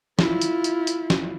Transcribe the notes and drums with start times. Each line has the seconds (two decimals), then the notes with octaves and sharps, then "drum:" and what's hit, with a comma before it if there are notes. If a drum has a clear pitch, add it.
0.19 E4 F4, drum: snare
0.41 drum: hi-hat
0.64 drum: hi-hat
0.87 drum: hi-hat
1.10 drum: snare